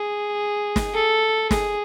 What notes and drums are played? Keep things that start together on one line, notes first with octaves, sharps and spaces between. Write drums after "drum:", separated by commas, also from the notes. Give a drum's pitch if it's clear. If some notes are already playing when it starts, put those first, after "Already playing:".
Already playing: G#4
drum: snare
A4
G#4, drum: snare